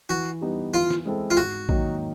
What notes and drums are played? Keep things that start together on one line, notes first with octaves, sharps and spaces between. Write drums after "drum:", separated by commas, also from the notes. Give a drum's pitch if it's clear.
E3 F#4
G3 B3 D#4 G4
E3 F4
drum: snare
G#3 C4 E4 A4
F4
G#2 F#4
D#3 F#3 A#3 D#4, drum: kick A#1